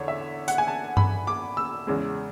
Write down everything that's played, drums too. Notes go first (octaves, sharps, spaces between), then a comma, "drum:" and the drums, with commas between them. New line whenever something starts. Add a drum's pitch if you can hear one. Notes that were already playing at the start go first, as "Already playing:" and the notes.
Already playing: E2 D3 C#5
E5
F#5, drum: hi-hat
G#5
A5
B5, drum: tom G2
D6
E6
E2 C#3 G#3